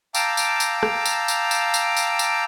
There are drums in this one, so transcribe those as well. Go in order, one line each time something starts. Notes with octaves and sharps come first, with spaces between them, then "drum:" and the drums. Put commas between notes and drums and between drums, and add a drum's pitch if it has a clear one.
F5 G5 A5 A#5 D6 E6, drum: tambourine
drum: tambourine
drum: tambourine
drum: rim click
drum: tambourine
drum: tambourine
drum: tambourine
drum: tambourine
drum: tambourine
drum: tambourine